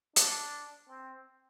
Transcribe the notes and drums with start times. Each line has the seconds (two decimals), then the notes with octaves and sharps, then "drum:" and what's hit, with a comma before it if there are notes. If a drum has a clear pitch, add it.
0.16 D4, drum: hi-hat
0.88 C4